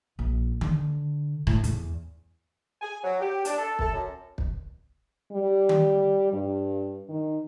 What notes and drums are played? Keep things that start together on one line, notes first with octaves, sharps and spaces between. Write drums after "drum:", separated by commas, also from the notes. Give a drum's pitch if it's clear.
A#1
D3, drum: tom D#3
A2, drum: rim click
E2, drum: hi-hat
G#5
F#3
G4
D4, drum: hi-hat
A4
A4, drum: kick
F#2
drum: kick
G3
drum: tom D#3
G2
D#3